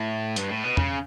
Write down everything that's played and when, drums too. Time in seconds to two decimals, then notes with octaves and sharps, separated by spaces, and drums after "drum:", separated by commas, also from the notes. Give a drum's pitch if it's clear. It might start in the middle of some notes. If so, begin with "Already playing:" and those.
Already playing: A2
0.36 G2, drum: hi-hat
0.50 A2
0.64 B2
0.77 C#3, drum: tom